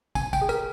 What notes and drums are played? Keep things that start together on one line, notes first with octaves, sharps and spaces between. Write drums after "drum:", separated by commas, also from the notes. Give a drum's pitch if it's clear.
C4 G#5, drum: kick, tambourine
G5, drum: kick, tambourine
G#4
A#4, drum: tambourine